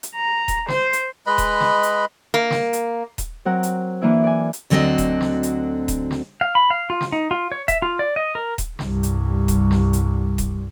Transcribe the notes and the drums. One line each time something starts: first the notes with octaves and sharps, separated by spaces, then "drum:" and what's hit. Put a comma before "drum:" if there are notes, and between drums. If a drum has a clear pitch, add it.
drum: hi-hat
A#5
drum: kick D#1, hi-hat
C5, drum: snare
drum: hi-hat
G#3 B4 D#5 B5
drum: kick D#1, hi-hat
drum: snare
drum: hi-hat
A#3
drum: snare
drum: hi-hat
drum: kick D#1, hi-hat
F#3 C4 A#4 F#5
drum: hi-hat
E3 A#3 D4 E4
D5 G#5
drum: hi-hat
D2 D3 F#3 C4 F#4 D#5
drum: kick D#1, hi-hat
drum: snare
drum: hi-hat
drum: kick D#1, hi-hat
drum: snare
F5
B5
F5
F4
drum: snare
D#4
F4
C#5
E5, drum: kick D#1, hi-hat
F4
D5
D#5
A#4
drum: kick D#1, hi-hat
C2 G2, drum: snare
drum: hi-hat
drum: kick D#1, hi-hat
drum: snare
drum: hi-hat
drum: kick D#1, hi-hat